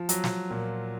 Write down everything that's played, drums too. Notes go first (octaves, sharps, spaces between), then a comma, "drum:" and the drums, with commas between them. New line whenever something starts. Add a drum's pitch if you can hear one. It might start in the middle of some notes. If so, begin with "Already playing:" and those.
Already playing: F3
F#3, drum: hi-hat
drum: snare
A#2